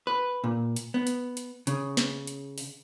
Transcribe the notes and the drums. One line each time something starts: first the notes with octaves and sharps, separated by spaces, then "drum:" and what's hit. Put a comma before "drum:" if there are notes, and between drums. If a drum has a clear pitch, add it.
B4
A#2
drum: hi-hat
B3
drum: hi-hat
drum: hi-hat
C#3, drum: hi-hat
drum: snare
drum: hi-hat
drum: open hi-hat